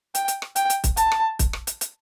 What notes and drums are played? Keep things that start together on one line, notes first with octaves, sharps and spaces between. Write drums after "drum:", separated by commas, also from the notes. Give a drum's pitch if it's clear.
G5, drum: hi-hat
drum: hi-hat
drum: rim click
G5, drum: hi-hat
drum: hi-hat
drum: kick, hi-hat
A5, drum: hi-hat
drum: rim click
drum: kick, hi-hat
drum: rim click
drum: hi-hat
drum: hi-hat